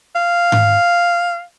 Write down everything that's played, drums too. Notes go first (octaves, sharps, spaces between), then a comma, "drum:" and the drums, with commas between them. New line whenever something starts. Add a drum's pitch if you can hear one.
F5
drum: tom G#2